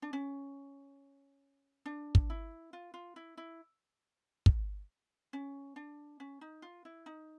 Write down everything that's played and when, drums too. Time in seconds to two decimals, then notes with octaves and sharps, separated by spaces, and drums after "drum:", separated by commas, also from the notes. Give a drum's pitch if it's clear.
0.02 D4
0.13 C#4
1.86 D4
2.15 drum: kick
2.30 E4
2.73 F4
2.94 F4
3.16 E4
3.37 E4
4.46 drum: kick
5.33 C#4
5.76 D4
6.20 C#4
6.41 D#4
6.62 F4
6.85 E4
7.06 D#4